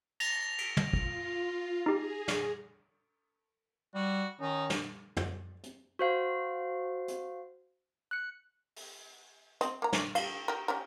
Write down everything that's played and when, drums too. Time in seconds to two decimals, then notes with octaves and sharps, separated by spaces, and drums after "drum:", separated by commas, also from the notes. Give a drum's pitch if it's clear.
0.20 A#6 F7, drum: cymbal
0.58 drum: cymbal
0.77 drum: tom
0.93 F4, drum: kick
1.86 D#4 G4 G#4
2.28 drum: snare
3.95 G3 F#4
4.41 D#3 C#4 D#4
4.70 drum: snare
5.17 drum: tom
5.63 drum: hi-hat
5.99 F#4 C5 F5
7.08 drum: hi-hat
8.11 F#6 C#7
8.76 drum: open hi-hat
9.61 C4 D#5, drum: hi-hat
9.82 A#3 A#5
9.93 drum: snare
10.15 F5, drum: cymbal
10.48 G4 A#4
10.68 C#4 G4 A#4